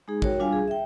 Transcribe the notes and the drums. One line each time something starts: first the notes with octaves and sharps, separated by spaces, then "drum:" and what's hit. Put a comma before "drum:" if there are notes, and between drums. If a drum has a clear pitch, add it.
G#3 D#4 G#4
F#4 A#4 C#5 G5, drum: kick
G3 D4 F4 F5 G#5
G#4
E5 G5